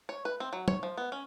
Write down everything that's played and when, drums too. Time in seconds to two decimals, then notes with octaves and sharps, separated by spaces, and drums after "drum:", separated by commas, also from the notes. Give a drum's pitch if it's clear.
0.09 C#5
0.25 B4
0.40 C4
0.53 F#3
0.68 C#5, drum: tom
0.83 F3
0.98 B3
1.12 C#4